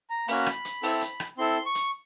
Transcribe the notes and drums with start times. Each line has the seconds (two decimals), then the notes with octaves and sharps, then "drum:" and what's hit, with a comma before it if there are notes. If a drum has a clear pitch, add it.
0.10 A#5
0.28 A#3 C#4 F#4 B5, drum: open hi-hat
0.46 drum: rim click
0.65 drum: hi-hat
0.83 C4 E4 A4, drum: open hi-hat
1.01 drum: hi-hat
1.20 drum: rim click
1.38 C4 E4 A4 C6
1.66 C#6
1.75 drum: hi-hat